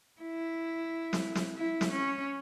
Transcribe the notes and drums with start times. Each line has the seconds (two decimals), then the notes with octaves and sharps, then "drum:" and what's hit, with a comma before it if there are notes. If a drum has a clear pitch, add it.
0.22 E4
1.13 drum: snare
1.35 drum: snare
1.58 E4
1.81 drum: snare
1.91 C#4